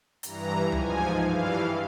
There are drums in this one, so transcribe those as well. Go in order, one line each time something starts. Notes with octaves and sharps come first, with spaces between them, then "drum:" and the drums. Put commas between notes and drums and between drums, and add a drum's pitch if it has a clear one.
G2 E3 A#5, drum: hi-hat
G#2 F3 G#5, drum: tom C#2
G2 E3 F5